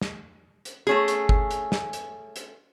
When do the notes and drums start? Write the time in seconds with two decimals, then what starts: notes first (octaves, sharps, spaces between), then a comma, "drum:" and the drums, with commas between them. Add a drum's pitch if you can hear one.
0.02 drum: snare
0.65 drum: hi-hat
0.87 A3 C#4 G#4
1.08 drum: hi-hat
1.29 drum: kick G1
1.51 drum: hi-hat
1.72 drum: snare
1.93 drum: hi-hat
2.36 drum: hi-hat